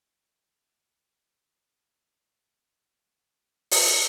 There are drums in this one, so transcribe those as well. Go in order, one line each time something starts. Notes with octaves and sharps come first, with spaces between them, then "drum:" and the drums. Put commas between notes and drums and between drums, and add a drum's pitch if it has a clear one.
A3
A1
G3
F#5
G3
G#5
C6
F4
C#3
C#2
G3 A3 F#4 E6
drum: open hi-hat